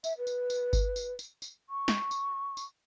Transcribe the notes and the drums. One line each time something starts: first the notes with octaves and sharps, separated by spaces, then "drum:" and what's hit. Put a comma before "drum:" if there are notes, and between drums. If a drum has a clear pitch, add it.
E5, drum: tambourine
B4
drum: tambourine
drum: tambourine
drum: kick G1, tambourine
drum: tambourine
drum: tambourine
drum: tambourine
C#6
drum: snare
drum: tambourine
drum: tambourine